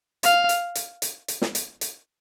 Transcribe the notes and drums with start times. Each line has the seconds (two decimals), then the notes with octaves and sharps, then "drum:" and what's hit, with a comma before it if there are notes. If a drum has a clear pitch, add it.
0.23 F5, drum: hi-hat
0.49 drum: hi-hat
0.75 drum: hi-hat
1.02 drum: hi-hat
1.28 drum: hi-hat
1.42 drum: snare
1.55 drum: hi-hat
1.81 drum: hi-hat